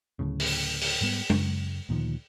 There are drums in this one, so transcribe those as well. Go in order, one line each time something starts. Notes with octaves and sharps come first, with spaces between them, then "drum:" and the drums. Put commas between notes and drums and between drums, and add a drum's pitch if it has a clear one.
D1 G#1 A2 C#3
drum: open hi-hat
drum: open hi-hat
G#2 G3 B3
F#2 C#3, drum: tom G#3
D2 A#2 D#3 F3